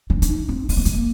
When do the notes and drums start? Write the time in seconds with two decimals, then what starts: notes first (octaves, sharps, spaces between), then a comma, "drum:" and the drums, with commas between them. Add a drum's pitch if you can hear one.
0.10 C#4, drum: kick E2
0.22 C#4, drum: hi-hat
0.29 D#4
0.49 C4
0.69 C4, drum: open hi-hat
0.77 A#3
0.85 G#3, drum: kick E2, hi-hat
0.94 A#3